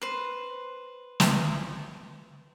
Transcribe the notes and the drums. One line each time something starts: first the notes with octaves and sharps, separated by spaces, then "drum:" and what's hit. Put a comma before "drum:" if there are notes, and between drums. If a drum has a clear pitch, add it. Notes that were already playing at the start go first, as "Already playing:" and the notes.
B4 C5
drum: snare